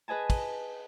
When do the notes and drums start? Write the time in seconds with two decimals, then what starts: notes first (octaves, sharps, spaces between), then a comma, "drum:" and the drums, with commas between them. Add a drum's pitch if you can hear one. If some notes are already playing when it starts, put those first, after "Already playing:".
0.08 G#4 B4 D#5 G#5 A5
0.30 drum: kick, cymbal